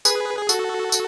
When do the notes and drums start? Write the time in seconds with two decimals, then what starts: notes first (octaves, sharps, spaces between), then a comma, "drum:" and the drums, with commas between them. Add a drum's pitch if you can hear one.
0.05 G#4 B4, drum: tambourine
0.37 G#4
0.49 F#4 A4, drum: tambourine
0.92 drum: tambourine